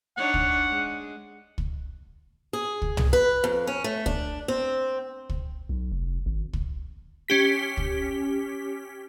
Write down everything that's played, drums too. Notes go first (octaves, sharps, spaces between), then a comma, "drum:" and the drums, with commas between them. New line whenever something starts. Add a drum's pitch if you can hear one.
D4 D#4 C#5 F#5
drum: kick
G#3
drum: kick
G#4
drum: kick
drum: tom
B4
F2
C#4
A3
D4, drum: kick
C4
drum: kick
B1
F1
G#1
drum: kick
C#4 G4 B6
drum: kick